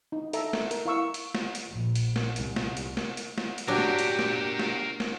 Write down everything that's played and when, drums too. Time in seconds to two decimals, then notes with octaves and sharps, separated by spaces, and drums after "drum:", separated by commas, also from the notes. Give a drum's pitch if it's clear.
0.12 D#4
0.33 A4 E5 A#5, drum: hi-hat
0.53 drum: snare
0.71 A#4, drum: hi-hat
0.85 E4 F5 C#6 E6
1.14 drum: hi-hat
1.35 drum: snare
1.55 drum: hi-hat
1.69 A#1
1.95 drum: hi-hat
2.16 drum: snare
2.36 C2, drum: hi-hat
2.56 drum: snare
2.77 drum: hi-hat
2.97 drum: snare
3.17 drum: hi-hat
3.38 drum: snare
3.58 drum: hi-hat
3.68 F#3 D4 G4 A#4 D5
3.78 drum: snare
3.99 drum: hi-hat
4.19 drum: snare
4.59 drum: snare
5.00 drum: snare